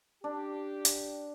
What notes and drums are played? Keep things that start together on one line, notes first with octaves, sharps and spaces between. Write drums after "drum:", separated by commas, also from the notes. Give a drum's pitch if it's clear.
D4 G4
drum: hi-hat